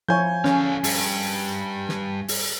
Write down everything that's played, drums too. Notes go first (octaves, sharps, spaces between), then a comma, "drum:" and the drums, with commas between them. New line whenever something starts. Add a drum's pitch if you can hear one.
F3 E4 C#5 G#5 G6
D3 C#4 F5, drum: snare
G2, drum: open hi-hat
drum: snare
drum: open hi-hat